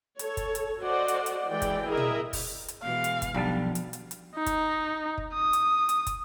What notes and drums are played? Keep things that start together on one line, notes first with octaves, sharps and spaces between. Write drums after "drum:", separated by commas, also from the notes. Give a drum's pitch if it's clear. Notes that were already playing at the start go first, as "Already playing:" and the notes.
A4 C#5, drum: hi-hat
drum: kick, hi-hat
drum: hi-hat
F#4 A4 C5 D5 D#5 F#5
drum: hi-hat
drum: hi-hat
E3 G#3 D5 G5
drum: kick, hi-hat
E4 G#4 A#4 D#5 E5
drum: tom
drum: kick, open hi-hat
drum: hi-hat
B2 E3 G#3 F5
drum: hi-hat
drum: kick, hi-hat
B1 D3 F3 G3 B3 A5
drum: hi-hat
drum: hi-hat
drum: hi-hat
D#4
drum: kick, hi-hat
drum: kick
D#6
drum: hi-hat
drum: hi-hat
drum: kick, hi-hat